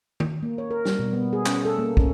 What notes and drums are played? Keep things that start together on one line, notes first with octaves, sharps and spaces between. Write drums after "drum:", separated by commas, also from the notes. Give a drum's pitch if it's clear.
drum: tom D#3
A#3
C#5
A#4
G3, drum: snare
B2
B3
G#4
C#4, drum: clap
A4
A#3
C#4, drum: kick